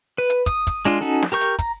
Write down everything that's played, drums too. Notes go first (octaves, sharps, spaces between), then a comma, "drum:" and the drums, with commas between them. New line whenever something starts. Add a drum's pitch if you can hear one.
B4
drum: hi-hat
D#6, drum: kick, hi-hat
drum: kick, hi-hat
G#3 D4 F4, drum: hi-hat
C#4 D#4 F#4 A4
drum: snare
G4 A#4 C#6 G6
drum: hi-hat
A#5, drum: kick, hi-hat